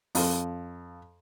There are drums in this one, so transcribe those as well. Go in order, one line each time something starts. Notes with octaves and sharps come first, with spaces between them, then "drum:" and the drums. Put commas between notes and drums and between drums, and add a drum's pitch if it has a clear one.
F2, drum: open hi-hat